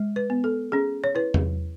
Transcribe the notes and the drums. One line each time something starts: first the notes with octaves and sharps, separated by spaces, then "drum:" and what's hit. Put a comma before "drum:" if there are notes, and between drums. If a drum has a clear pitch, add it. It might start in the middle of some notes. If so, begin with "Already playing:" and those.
Already playing: G#3
B4
B3
A4
C#4 G#4
C#5
E4 B4
drum: tom E2